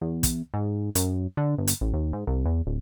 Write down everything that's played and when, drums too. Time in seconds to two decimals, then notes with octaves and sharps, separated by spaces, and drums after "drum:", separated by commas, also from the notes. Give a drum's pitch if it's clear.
0.01 E2
0.23 drum: kick, hi-hat
0.54 G#2
0.95 F#2, drum: hi-hat
1.37 D3
1.58 G1
1.67 drum: hi-hat
1.81 A1
1.93 D#2
2.13 G#2
2.27 C2
2.45 E2
2.66 D1